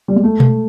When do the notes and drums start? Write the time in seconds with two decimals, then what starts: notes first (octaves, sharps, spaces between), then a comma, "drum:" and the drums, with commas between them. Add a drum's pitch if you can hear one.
0.08 G3
0.16 G#3
0.23 A3
0.40 drum: tom B2